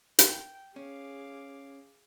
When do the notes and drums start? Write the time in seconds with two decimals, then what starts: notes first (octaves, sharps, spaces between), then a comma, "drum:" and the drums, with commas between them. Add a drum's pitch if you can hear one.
0.19 G5, drum: hi-hat
0.76 C#4 G#4 F5 D6